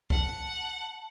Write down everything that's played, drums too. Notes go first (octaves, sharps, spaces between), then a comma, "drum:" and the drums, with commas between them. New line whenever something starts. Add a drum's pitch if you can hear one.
F#5 A5, drum: kick